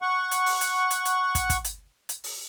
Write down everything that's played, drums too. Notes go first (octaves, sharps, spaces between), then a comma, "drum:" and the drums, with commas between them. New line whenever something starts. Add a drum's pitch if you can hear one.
F#5 C#6
drum: hi-hat
drum: open hi-hat
drum: hi-hat
drum: hi-hat
drum: hi-hat
drum: kick, hi-hat
drum: kick, hi-hat
drum: hi-hat
drum: hi-hat
drum: open hi-hat